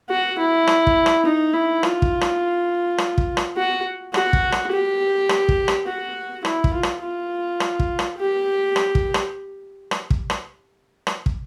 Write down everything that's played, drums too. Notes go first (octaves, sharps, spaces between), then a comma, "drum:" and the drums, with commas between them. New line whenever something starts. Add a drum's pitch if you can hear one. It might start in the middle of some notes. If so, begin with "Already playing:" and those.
F#4
E4
drum: rim click
drum: kick
drum: rim click
D#4
E4
F4, drum: rim click
drum: kick
drum: rim click
drum: rim click
drum: kick
drum: rim click
F#4
F#4, drum: rim click
drum: kick
drum: rim click
G4
drum: rim click
drum: kick
drum: rim click
F#4
E4, drum: rim click
drum: kick
F4
drum: rim click
F4
drum: rim click
drum: kick
drum: rim click
G4
drum: rim click
drum: kick
drum: rim click
drum: rim click
drum: kick
drum: rim click
drum: rim click
drum: kick